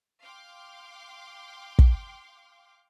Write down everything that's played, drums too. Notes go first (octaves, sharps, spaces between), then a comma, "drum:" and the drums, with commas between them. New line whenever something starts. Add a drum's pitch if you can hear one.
F5 G5 C6 D6
drum: kick